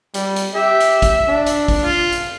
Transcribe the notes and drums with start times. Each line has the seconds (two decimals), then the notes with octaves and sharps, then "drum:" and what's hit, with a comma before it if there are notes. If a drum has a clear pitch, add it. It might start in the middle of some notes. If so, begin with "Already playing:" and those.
0.14 G3, drum: hi-hat
0.36 drum: hi-hat
0.55 G4 E5
0.80 drum: hi-hat
1.02 drum: kick A1, hi-hat
1.28 D4
1.46 drum: hi-hat
1.68 drum: kick A1, open hi-hat
1.84 F4
2.13 drum: hi-hat